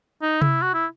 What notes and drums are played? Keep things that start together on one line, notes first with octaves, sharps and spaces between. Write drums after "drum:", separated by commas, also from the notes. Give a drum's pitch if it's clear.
D#4
E4, drum: tom C3
F#4
E4